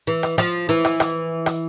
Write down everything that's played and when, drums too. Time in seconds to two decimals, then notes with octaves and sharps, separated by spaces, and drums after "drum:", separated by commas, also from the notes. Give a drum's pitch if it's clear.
0.07 E3
0.23 drum: rim click
0.38 F3, drum: rim click
0.69 E3
0.85 drum: rim click
1.00 drum: rim click
1.46 drum: rim click